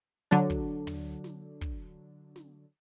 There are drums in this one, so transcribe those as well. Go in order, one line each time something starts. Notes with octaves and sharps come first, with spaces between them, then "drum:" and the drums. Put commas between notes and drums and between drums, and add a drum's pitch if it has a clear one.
D3 F#3 D4
drum: kick
drum: tom
drum: snare
drum: kick
drum: snare